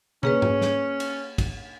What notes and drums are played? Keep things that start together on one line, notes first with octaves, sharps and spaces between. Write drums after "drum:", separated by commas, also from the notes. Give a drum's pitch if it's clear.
A#3 C#4 G#4 B4, drum: tom
drum: tom G#2
drum: snare
drum: cymbal
drum: kick, cymbal